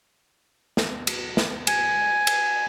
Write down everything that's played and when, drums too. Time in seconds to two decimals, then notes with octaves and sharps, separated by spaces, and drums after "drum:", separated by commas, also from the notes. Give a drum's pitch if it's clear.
0.77 drum: snare
1.07 drum: cymbal
1.37 drum: snare
1.67 G#5, drum: cymbal
2.27 drum: cymbal